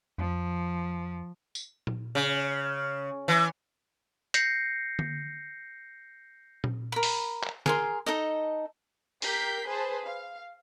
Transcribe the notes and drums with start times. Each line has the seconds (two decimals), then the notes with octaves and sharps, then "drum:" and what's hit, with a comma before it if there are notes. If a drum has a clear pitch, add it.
0.18 F2 F3
1.55 drum: tambourine
1.87 drum: tom A#2
2.15 C#3
3.28 E3
4.34 G6 A#6 C7 C#7, drum: hi-hat
4.99 drum: tom D3
6.64 drum: tom A#2
6.92 A#4 B5
7.03 drum: open hi-hat
7.44 drum: clap
7.66 G#4 A#4 C6, drum: snare
8.06 D#4 A4 D#5
9.22 G4 A#4 G6 B6 C7, drum: open hi-hat
9.66 G#4 B4 C5 A5
10.04 F5